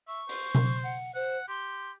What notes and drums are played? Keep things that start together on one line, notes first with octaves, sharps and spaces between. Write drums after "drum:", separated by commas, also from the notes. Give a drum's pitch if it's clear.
E5 C#6
C5, drum: open hi-hat
drum: tom B2
F#5
C5 F#5
G4 C6